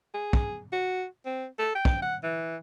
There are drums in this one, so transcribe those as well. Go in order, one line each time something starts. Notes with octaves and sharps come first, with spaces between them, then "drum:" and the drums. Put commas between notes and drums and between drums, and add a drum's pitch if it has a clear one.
G#4
drum: kick
F#4
C4
A4
G5
drum: kick
F#5
E3